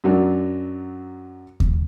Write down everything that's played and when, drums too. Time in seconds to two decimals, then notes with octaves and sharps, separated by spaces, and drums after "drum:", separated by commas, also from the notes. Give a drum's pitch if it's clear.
0.04 F#2 F#3 D4
1.60 drum: kick D#2